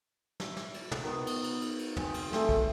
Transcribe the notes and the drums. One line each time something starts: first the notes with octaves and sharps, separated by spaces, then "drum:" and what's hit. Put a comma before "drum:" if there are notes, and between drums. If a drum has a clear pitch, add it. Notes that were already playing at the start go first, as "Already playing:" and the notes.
E4, drum: snare
drum: snare
drum: cymbal
drum: tom
D#3 B3
drum: cymbal
drum: cymbal
drum: cymbal
drum: cymbal
C4 G#4 G#5, drum: tom
drum: cymbal
A3 C4, drum: snare
drum: kick A#1